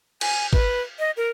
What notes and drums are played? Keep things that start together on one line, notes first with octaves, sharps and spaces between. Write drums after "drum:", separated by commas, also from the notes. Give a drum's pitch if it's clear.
G#5, drum: cymbal
B4, drum: kick
D#5
A#4